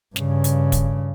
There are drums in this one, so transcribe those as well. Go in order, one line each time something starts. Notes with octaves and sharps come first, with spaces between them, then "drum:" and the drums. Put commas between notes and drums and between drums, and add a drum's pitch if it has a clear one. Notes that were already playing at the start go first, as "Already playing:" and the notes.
G2 C#3, drum: snare
drum: hi-hat
drum: kick, hi-hat